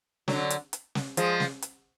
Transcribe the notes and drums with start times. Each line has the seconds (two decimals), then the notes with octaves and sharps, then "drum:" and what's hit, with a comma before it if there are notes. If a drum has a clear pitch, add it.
0.28 D3 F#3, drum: snare
0.50 drum: hi-hat
0.73 drum: hi-hat
0.95 drum: snare
1.17 F3 G#3, drum: hi-hat
1.40 drum: snare
1.62 drum: hi-hat